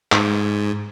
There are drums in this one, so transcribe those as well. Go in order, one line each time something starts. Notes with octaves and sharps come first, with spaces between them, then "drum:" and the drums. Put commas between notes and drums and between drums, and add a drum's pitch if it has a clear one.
G#2, drum: clap